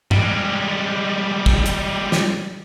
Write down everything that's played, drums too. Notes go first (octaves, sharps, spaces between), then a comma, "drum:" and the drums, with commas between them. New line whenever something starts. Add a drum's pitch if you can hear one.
G3 G#3, drum: tom G2
drum: kick
drum: hi-hat
drum: snare